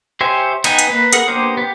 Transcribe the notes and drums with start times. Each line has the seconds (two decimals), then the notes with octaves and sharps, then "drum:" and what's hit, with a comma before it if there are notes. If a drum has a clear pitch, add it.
0.21 G4 C5 C#5 E5 G#5
0.64 B3 D#4 G5 G#5, drum: cymbal
0.79 drum: hi-hat
0.89 A#3 B4
1.13 G#4 A#4 F#5, drum: hi-hat
1.28 A#3 B3 D4 G4 C5
1.57 B3 G4